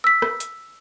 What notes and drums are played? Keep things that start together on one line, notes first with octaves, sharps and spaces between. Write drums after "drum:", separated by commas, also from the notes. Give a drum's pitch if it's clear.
E6 B6
drum: rim click
drum: hi-hat